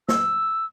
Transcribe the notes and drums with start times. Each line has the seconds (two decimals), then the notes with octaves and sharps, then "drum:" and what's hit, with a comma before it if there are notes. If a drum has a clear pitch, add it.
0.08 E6, drum: snare